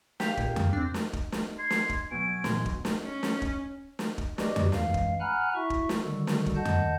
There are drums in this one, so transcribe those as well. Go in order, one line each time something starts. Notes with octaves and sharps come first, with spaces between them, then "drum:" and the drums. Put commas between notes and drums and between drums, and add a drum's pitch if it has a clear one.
G4 F5, drum: snare
C#2 A#2, drum: kick
drum: tom F2
C4 D4
drum: snare
drum: kick
drum: snare
C6 G#6
drum: snare
drum: kick
B2 F#3 G#5 D7
A#2 E3 B3 C6, drum: snare
drum: kick
drum: snare
C#4
drum: snare
drum: kick
drum: snare
drum: kick
F#4 G4 B4 D5 D#5, drum: snare
drum: tom F2
F#2 E3 G#3 F5, drum: snare
drum: kick
F#5 G#5 A#5 B5 F6 F#6
E4 F#4 E5 C#6
drum: kick
drum: snare
D3 D#3 G3 F#4 A4
drum: snare
drum: kick
D#3 D#5 F#5 A5 G6
drum: tom F2